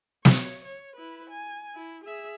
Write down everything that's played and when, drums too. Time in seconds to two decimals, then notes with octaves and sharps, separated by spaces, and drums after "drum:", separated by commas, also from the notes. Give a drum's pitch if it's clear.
0.25 C#5, drum: snare
0.65 C#5
0.96 E4 B4
1.30 G#5
1.74 E4
2.04 G#4 E5